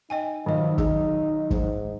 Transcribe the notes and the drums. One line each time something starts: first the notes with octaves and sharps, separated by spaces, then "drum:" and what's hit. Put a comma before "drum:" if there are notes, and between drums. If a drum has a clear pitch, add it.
D#4 D#5 G5 G#5
B1 D#3 F3 D#5
D#4 G#4, drum: kick
G#2, drum: kick